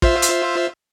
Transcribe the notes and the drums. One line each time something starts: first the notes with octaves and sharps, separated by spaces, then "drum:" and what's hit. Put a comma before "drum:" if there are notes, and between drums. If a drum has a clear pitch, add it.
F4 C5 E5, drum: kick
drum: hi-hat